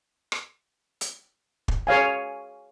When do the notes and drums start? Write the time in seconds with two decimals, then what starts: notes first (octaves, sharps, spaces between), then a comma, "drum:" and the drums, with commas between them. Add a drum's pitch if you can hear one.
0.32 drum: rim click
1.01 drum: hi-hat
1.68 drum: kick
1.87 G#4 C#5 F5 G#5